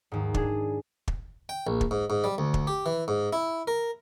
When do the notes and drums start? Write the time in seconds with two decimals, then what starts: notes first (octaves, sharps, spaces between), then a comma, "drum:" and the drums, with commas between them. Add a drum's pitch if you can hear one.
0.12 D#2 G#2
0.34 D4 G#4, drum: kick
1.08 drum: kick
1.49 G5
1.67 A#1
1.81 drum: kick
1.91 G#2
2.10 G#2
2.24 G3
2.38 D2
2.54 drum: kick
2.67 G4
2.86 E3
3.08 G#2
3.33 E4
3.68 A#4